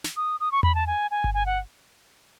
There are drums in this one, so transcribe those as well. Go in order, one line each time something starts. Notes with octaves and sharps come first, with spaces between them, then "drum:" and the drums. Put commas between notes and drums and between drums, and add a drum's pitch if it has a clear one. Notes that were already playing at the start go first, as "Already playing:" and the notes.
drum: snare
D#6
D#6
C#6
B5, drum: tom E2
A5
G#5
G#5
drum: kick G1
G#5
F#5